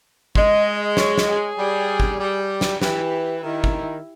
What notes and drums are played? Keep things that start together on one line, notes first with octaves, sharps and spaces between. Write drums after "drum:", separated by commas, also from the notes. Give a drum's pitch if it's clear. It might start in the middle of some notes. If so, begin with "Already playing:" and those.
G#3 D#5, drum: kick
C#5, drum: snare
drum: snare
G#4
G3
drum: kick
G3
drum: snare
E3 G4, drum: snare
D#3 E4
drum: kick